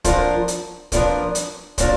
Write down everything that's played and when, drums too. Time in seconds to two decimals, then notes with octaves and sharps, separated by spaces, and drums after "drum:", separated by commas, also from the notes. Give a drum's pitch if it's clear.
0.04 F3 B3 D4 F4 A#4, drum: kick, hi-hat
0.48 drum: hi-hat
0.92 F3 B3 D4 F4 A#4, drum: kick, hi-hat
1.35 drum: hi-hat
1.78 A#2 F#3 D4 F4 A#4, drum: kick, hi-hat